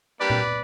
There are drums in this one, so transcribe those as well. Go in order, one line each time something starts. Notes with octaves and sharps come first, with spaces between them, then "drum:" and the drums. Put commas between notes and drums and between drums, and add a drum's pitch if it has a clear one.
G3 A#3 D4 G4 B4 D5
drum: tom A#2